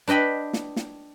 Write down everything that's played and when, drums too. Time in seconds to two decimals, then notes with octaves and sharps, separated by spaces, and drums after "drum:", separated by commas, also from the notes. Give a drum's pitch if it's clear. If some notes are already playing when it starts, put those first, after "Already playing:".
0.08 D4 B4 D#5 G5 B5
0.53 drum: snare
0.76 drum: snare